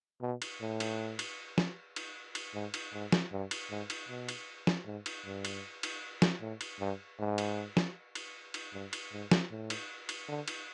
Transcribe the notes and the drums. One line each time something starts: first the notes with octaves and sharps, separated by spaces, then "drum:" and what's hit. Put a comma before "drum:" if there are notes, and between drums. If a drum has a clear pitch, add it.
B2
drum: cymbal
A2
drum: cymbal
drum: cymbal
drum: snare
drum: cymbal
drum: cymbal
G#2
drum: cymbal
G#2
drum: snare
G2
drum: cymbal
G#2
drum: cymbal
B2
drum: cymbal
drum: snare
G#2
drum: cymbal
G2
drum: cymbal
drum: cymbal
drum: snare
A2
drum: cymbal
G2
G#2
drum: cymbal
drum: snare
drum: cymbal
drum: cymbal
G2
drum: cymbal
G#2
drum: snare
A2
drum: cymbal
drum: cymbal
D3
drum: cymbal